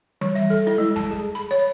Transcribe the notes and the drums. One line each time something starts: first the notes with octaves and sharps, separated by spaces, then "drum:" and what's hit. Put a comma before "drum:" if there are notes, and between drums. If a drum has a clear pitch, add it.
G3, drum: tom E3
E5
A4
E4
G#3
A5, drum: snare
G#4
B5
C#5